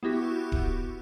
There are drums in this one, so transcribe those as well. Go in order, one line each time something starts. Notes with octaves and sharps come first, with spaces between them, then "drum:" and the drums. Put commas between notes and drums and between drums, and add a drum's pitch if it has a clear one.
B3 E4 F#4 G4
drum: kick D1